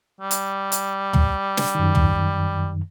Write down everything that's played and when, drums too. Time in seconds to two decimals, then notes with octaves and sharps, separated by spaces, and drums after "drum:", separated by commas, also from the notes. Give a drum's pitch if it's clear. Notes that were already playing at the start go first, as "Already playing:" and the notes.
0.21 G3
0.31 drum: hi-hat
0.72 drum: hi-hat
1.13 drum: tom
1.57 drum: snare
1.75 F#2 D#3
1.95 drum: tom